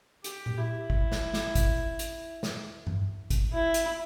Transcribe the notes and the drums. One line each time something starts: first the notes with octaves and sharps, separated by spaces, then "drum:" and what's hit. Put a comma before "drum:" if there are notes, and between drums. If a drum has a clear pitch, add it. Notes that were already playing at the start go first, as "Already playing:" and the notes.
G4, drum: hi-hat
drum: tom A#2
E4
drum: kick
drum: snare
drum: snare
drum: kick, hi-hat
drum: hi-hat
drum: snare
drum: tom G2
drum: kick, hi-hat
E4
drum: hi-hat